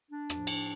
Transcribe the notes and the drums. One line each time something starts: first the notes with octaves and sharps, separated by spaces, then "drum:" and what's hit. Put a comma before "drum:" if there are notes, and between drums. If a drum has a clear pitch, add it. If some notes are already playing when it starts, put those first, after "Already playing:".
D4
A2 F3, drum: rim click
drum: cymbal